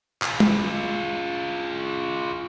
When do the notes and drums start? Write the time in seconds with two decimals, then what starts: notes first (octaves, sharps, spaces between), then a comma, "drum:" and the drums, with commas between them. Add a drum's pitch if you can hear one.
0.22 F4 G#4, drum: clap
0.40 drum: tom